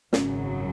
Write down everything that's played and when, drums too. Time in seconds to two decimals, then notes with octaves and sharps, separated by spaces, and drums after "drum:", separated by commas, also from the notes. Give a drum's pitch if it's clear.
0.13 G#1 F#2 C#3 F#3 C#4, drum: snare